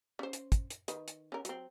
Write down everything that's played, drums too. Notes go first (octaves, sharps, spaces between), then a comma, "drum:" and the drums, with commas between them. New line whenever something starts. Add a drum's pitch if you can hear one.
C#4 C5
drum: hi-hat
drum: kick, hi-hat
drum: hi-hat
D#3 B4, drum: hi-hat
drum: hi-hat
C#4 A#4
F#3 C4, drum: hi-hat